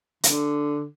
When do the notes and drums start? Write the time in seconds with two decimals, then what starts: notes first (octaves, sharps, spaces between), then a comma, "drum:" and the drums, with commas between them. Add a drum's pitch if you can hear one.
0.23 D3, drum: hi-hat